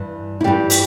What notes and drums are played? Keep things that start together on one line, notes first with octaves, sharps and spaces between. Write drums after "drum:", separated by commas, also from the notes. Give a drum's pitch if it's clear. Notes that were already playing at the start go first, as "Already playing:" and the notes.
Already playing: G2 E3
E4
G2 E3 G3 G4
drum: open hi-hat